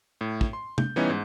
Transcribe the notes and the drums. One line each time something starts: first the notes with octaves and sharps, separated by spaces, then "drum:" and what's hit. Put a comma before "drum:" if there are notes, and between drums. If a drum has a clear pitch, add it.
A2
drum: kick
C6
G6, drum: tom C3
E3 G3 B3 C#4 D#4 E4
G#2